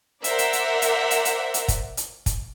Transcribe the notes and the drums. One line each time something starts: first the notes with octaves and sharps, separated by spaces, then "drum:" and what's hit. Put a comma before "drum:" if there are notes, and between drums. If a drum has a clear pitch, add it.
A#4 C5 D5 E5 F#5, drum: hi-hat
drum: hi-hat
drum: hi-hat
drum: hi-hat
drum: hi-hat
drum: hi-hat
drum: hi-hat
drum: kick, hi-hat
drum: hi-hat
drum: kick, hi-hat